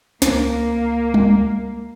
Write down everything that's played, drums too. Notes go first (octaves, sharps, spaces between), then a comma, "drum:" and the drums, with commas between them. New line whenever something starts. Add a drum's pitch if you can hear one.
C#2 A#3, drum: snare
drum: tom G3